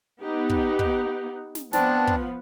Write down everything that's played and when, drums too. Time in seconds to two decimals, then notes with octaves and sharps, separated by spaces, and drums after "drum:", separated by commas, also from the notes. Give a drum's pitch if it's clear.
0.22 B3 D#4 G4
0.50 drum: kick
0.79 drum: kick
1.55 drum: snare
1.73 F3 B3 C4 D4 A5, drum: snare
2.07 drum: kick